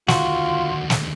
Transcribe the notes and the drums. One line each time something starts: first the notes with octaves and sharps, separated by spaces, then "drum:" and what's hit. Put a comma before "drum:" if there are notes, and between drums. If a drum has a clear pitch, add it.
D2 D#3 F4 F#4 C6, drum: snare
drum: snare